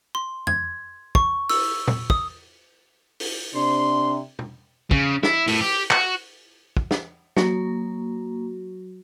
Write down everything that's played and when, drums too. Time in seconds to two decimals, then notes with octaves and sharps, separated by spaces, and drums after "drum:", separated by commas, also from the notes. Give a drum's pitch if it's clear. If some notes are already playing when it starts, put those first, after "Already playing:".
0.15 C6
0.47 G#6, drum: tom F2
1.15 C#6, drum: kick
1.49 E6, drum: open hi-hat
1.88 drum: tom
2.10 D#6, drum: kick
3.20 drum: open hi-hat
3.54 C3 D4 C6
4.39 drum: tom
4.91 C#3, drum: kick
5.23 E4, drum: snare
5.47 A2, drum: open hi-hat
5.60 G4
5.91 F#4, drum: clap
6.77 drum: kick
6.91 drum: snare
7.37 F#3 A#3 F#4, drum: snare